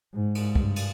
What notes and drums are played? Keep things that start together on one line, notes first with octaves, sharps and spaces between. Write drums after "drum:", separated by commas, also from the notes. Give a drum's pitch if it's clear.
G#2
drum: cymbal
G2, drum: kick
drum: cymbal